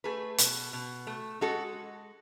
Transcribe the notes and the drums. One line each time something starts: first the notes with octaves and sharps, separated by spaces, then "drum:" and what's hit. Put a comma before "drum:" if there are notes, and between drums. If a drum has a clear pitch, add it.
A3 G#4 B4
B2, drum: hi-hat
B2
A3
G#3 F#4 A4